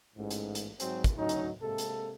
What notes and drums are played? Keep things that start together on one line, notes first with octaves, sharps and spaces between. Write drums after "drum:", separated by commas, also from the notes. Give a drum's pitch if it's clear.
A1 G#2
drum: hi-hat
drum: hi-hat
G#2 F#3 G#3 C4 F#4, drum: hi-hat
drum: kick, hi-hat
D2 F#3 C#4 D#4
drum: hi-hat
C3 G#3 A#3 A4
drum: hi-hat